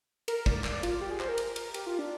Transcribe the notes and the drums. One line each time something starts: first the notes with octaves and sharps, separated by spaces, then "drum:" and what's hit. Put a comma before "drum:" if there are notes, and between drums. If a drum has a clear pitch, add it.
A#4, drum: cymbal
D5, drum: kick
D5, drum: clap
F4, drum: cymbal
G4
G#4
C5, drum: clap
A#4
drum: cymbal
drum: cymbal
G4, drum: cymbal
F4
D4